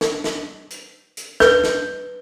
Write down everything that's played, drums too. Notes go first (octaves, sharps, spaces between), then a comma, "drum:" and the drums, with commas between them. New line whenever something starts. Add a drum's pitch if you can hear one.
drum: snare
drum: snare
drum: hi-hat
drum: hi-hat
B4 G6, drum: snare
drum: snare